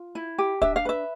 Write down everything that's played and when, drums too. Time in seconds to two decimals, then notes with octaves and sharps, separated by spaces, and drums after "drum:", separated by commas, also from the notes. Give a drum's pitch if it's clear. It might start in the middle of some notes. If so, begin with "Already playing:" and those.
Already playing: F4
0.15 E4
0.38 G4
0.62 D4 E5, drum: kick
0.76 F5
0.85 B4 E5